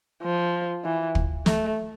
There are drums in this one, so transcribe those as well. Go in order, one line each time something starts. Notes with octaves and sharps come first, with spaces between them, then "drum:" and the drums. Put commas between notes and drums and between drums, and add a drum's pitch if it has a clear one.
F3
E3
drum: kick
A3, drum: snare